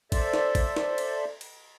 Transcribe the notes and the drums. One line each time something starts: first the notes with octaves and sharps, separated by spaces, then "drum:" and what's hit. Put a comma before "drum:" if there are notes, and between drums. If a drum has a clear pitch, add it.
A4 C5 D5 E5, drum: kick, cymbal
drum: snare
drum: kick, cymbal
drum: snare
drum: cymbal
drum: cymbal